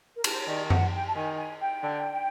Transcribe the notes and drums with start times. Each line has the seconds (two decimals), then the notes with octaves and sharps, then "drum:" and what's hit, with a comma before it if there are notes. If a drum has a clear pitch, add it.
0.16 A#4
0.24 B4, drum: cymbal
0.32 C5
0.40 C#5
0.47 D#3 D5
0.70 F#5, drum: tom F#2
0.93 G5
1.07 A5
1.15 D#3 G#5
1.38 G#5
1.60 G5
1.83 D3